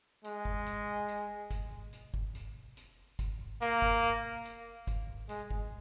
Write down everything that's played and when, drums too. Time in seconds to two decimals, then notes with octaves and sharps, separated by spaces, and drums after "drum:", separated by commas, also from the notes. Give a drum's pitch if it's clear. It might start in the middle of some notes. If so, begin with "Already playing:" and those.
0.24 G#3, drum: hi-hat
0.45 drum: kick
0.66 drum: hi-hat
1.08 drum: hi-hat
1.51 drum: kick, hi-hat
1.93 drum: hi-hat
2.14 drum: kick
2.35 drum: hi-hat
2.77 drum: hi-hat
3.19 drum: kick, hi-hat
3.62 A#3, drum: hi-hat
3.82 drum: kick
4.03 drum: hi-hat
4.45 drum: hi-hat
4.87 drum: kick, hi-hat
5.29 G#3, drum: hi-hat
5.51 drum: kick